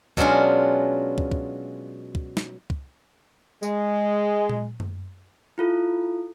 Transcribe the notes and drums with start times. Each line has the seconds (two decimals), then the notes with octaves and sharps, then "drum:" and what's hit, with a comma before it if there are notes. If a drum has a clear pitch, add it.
0.17 B2 F#3 G#3 C#4 D4 F4, drum: kick
1.18 drum: kick
1.32 drum: kick
2.15 drum: kick
2.37 drum: snare
2.70 drum: kick
3.63 G#3, drum: tambourine
4.49 drum: tom A#2
4.80 drum: tom F#2
5.58 E4 F4 A4